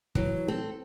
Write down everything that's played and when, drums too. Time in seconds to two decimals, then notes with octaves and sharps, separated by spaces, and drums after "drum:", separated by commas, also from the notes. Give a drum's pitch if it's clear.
0.15 E3 F#3, drum: kick
0.48 C4 A4